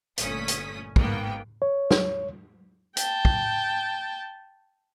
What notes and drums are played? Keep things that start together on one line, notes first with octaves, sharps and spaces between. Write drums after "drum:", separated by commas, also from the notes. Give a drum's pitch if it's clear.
G1 A#2 A3 C#4 D#6 B6, drum: hi-hat
drum: hi-hat
G#1 G#2 A#3 B3 G5, drum: kick
C#5
drum: snare
G5 A5, drum: hi-hat
drum: kick